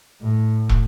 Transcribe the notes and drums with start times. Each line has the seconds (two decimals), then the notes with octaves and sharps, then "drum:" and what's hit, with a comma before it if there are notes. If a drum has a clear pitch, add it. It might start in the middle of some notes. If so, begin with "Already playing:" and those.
0.22 A2
0.69 drum: kick